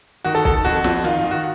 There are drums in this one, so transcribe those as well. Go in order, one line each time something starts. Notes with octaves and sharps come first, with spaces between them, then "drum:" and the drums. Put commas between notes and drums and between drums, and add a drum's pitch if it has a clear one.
D#3 F#4
A4
D#3 A4, drum: kick B1
F2 F#4
F2, drum: snare
D#3 F4
F4
D#3
F#4